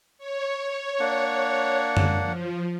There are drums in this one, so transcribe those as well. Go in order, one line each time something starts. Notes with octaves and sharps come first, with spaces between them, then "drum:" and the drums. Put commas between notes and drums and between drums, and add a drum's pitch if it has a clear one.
C#5
A#3 D4 F#5
drum: tom F#2
F3